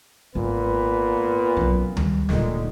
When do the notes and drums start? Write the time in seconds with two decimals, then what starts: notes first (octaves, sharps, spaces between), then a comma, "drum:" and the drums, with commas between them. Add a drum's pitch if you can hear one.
0.35 G#1 A#2 B3 B4
1.57 B1 C#4
1.97 D#3 G3, drum: tom D2
2.29 D1 A#2 D3 D#3 G#3, drum: snare